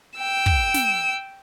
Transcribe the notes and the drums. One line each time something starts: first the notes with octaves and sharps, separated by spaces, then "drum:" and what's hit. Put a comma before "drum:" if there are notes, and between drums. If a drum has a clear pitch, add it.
G5 E6
drum: kick
drum: snare